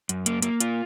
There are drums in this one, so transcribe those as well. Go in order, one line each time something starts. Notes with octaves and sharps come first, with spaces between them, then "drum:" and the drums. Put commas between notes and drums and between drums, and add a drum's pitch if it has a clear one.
F#2, drum: hi-hat
A#3, drum: hi-hat
A#3, drum: hi-hat
F4, drum: hi-hat